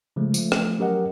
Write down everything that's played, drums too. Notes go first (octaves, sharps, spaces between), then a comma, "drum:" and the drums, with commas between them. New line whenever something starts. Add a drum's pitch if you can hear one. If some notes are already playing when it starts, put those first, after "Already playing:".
C#3 F3 G#3 A3
F3 A3, drum: tambourine
drum: rim click
F#3 C#4 G4 A#4 D#5 F#5